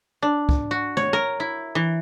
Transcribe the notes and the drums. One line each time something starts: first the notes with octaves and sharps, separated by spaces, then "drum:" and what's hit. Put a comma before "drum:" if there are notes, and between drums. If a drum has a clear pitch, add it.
D4
drum: kick
F#4
C#5, drum: tom
A#4
E4
E3